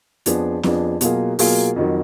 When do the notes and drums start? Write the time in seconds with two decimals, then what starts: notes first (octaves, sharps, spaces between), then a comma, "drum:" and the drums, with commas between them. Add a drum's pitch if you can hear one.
0.26 F2 F3 B3 D4 G#4, drum: hi-hat
0.63 F2 F3 B3 D4 G#4, drum: snare C4
1.01 B2 F#3 A#3 F4 G#4, drum: hi-hat
1.39 B2 F#3 A#3 F4 G#4, drum: open hi-hat
1.76 F2 D#3 F#3